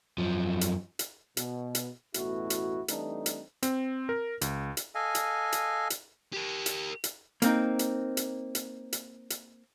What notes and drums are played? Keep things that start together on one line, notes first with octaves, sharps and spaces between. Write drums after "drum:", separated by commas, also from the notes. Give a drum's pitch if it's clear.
F#2 F3
drum: hi-hat
drum: hi-hat
B2, drum: hi-hat
drum: hi-hat
A1 E2 B2 A3 E4 F#4, drum: hi-hat
drum: hi-hat
E3 G3 A3 C4 D4 D#4, drum: hi-hat
drum: hi-hat
C4, drum: hi-hat
A#4
C#2, drum: hi-hat
drum: hi-hat
A4 D#5 F5 G#5
drum: hi-hat
drum: hi-hat
drum: hi-hat
G4 A#4
drum: hi-hat
drum: hi-hat
A#3 C4 D#4, drum: hi-hat
drum: hi-hat
drum: hi-hat
drum: hi-hat
drum: hi-hat
drum: hi-hat